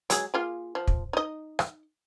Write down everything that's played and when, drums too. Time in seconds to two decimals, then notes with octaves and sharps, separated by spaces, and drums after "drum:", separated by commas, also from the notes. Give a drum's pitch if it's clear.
0.10 F#3 G#3 G#4, drum: hi-hat
0.34 A#3 F4 G#4
0.75 F3
0.88 drum: kick
1.13 D#4 D#5
1.59 drum: rim click